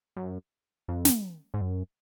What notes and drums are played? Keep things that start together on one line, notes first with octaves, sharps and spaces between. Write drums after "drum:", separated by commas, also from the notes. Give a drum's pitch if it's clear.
F#2
F2
drum: snare
G#2
F#2